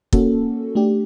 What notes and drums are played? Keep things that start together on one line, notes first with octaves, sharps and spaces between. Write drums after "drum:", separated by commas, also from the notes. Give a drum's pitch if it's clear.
A#3 C#4 F#4 A4, drum: kick
A3 D4 G4